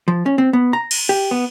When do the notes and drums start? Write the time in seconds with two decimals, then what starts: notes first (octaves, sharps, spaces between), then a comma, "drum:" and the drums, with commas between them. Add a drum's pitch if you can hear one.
0.08 F3
0.26 C#4
0.38 C4
0.53 B3
0.73 A#5
0.91 drum: cymbal
1.09 G4
1.31 B3